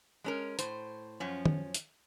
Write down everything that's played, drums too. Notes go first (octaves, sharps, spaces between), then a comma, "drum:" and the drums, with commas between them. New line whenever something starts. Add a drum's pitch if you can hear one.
G#3 C#4 A#4
A2 C5, drum: hi-hat
F#2 F3 C#4
drum: tom D#3
drum: hi-hat